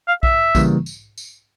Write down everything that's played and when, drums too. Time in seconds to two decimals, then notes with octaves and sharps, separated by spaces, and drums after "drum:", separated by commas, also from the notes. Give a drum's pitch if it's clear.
0.08 F5
0.23 E5, drum: kick A#1
0.55 C#3 E3 G3 A#3, drum: kick A#1, tambourine
0.86 drum: tambourine
1.18 drum: tambourine